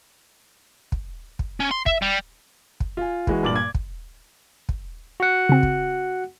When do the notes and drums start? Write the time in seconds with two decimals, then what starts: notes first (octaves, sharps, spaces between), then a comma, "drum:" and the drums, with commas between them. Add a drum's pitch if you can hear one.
0.92 drum: kick
1.39 drum: kick
1.60 C#4
1.71 C6
1.86 E5, drum: kick
2.02 G3
2.80 drum: kick
2.97 F4 G#5
3.27 E3 G#3 F#4, drum: kick
3.43 G2 A#2 D6 A6 F#7
3.56 G#6
3.75 drum: kick
4.69 drum: kick
5.20 F#4 F#5
5.49 C#3 C4
5.63 drum: kick